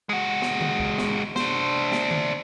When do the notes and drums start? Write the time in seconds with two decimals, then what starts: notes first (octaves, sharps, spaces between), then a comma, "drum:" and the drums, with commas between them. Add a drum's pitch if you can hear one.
0.09 G#3 F#4
0.42 drum: snare
0.61 drum: tom D3
0.80 drum: kick
0.98 drum: snare
1.36 D4 C5, drum: snare
1.92 drum: snare
2.11 drum: tom D3